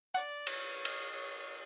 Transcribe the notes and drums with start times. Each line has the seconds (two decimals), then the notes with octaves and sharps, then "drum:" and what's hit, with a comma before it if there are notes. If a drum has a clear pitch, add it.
0.14 D5 F#5
0.47 C#5, drum: cymbal
0.85 drum: cymbal
1.11 C#5